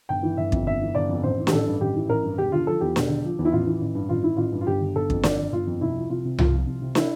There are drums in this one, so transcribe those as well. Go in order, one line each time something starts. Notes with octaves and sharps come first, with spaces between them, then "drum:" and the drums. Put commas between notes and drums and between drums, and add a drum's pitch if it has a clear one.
G1 G5
E3
G1 E5
F2, drum: kick
G1 E5
E3
G1 D5
F2
A1 C5
E3
G4, drum: snare
A1 A4
G2
A1 G4
E3
A1 A#4
G2
E1 G4
D3 F4
F3 A4
E2 G4
E1, drum: snare
D3
F3
E2
E4
A1 F4
E3
A1
G2
A1 F4
E3 E4
A1 F4
G2
F4
G1 G4
D3
G1 A4
F2, drum: kick
G1 D5, drum: snare
D3
G1 F4
F2
C2 E4
F3
C2 F4
C3
C2 F4, drum: tom C2
F3
C2
C3
E4, drum: snare